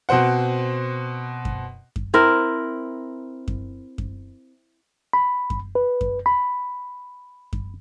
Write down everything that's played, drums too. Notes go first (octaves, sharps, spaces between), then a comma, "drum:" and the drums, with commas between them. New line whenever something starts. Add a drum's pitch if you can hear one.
B2 C4 C5 F#5
drum: kick F#2
drum: kick F#2
C4 E4 A#4
drum: kick F#2
drum: kick F#2
B5
drum: kick F#2
B4
drum: kick F#2
B5
drum: kick F#2